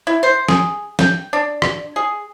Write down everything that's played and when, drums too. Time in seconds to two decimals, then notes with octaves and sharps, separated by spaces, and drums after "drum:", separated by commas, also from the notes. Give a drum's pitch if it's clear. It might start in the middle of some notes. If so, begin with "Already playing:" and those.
0.07 E4
0.23 C5
0.48 G#4, drum: snare
0.99 G5, drum: snare
1.33 D4
1.62 drum: rim click
1.96 G#4